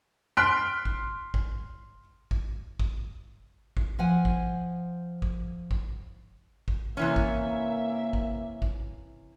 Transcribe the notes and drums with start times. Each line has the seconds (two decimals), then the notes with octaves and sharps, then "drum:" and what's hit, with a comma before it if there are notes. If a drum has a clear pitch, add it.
0.37 C6 F6 F#6 B6 D7
0.85 drum: kick
1.34 drum: kick
2.31 drum: kick
2.80 drum: kick
3.77 drum: kick
3.99 F3 F#5 G#5
4.25 drum: kick
5.22 drum: kick
5.71 drum: kick
6.68 drum: kick
6.97 C3 E3 A#3 C#4 E5
7.16 drum: kick
8.13 drum: kick
8.62 drum: kick